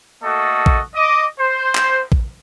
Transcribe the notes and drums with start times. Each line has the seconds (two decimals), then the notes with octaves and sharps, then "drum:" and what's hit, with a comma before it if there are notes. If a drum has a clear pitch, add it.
0.22 A3 A#3 F#4 A4 D#5
0.66 drum: kick A#1
0.95 D#5 D6
1.39 C5
1.75 drum: clap
2.12 drum: kick A#1